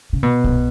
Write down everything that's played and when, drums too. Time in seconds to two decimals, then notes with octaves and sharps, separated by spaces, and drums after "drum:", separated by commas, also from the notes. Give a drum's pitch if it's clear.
0.13 C#3
0.23 B2
0.44 drum: kick